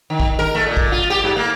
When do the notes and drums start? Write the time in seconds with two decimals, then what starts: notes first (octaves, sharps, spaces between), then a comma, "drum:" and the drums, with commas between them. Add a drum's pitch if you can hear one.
0.10 D#3
0.20 drum: kick
0.39 A#4
0.55 A3
0.67 A#2
0.77 drum: kick
0.92 F4
1.10 G4
1.24 G#2
1.36 A#3